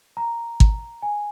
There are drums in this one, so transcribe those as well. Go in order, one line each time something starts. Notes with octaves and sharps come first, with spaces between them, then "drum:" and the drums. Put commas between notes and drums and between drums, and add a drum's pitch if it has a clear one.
A#5
drum: kick
G#5